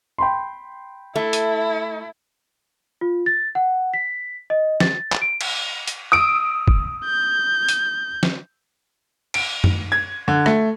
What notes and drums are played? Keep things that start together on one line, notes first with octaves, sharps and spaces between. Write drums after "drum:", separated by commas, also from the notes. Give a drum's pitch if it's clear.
G5 B5 C6
A3 E4
drum: hi-hat
F4
A6
F#5
B6
D#5
A6, drum: snare
drum: clap
D7
drum: cymbal
drum: hi-hat
D#6 E6 D7
drum: kick
G6
drum: hi-hat
drum: snare
D7, drum: cymbal
drum: tom F#2
G#6
D3
A3, drum: rim click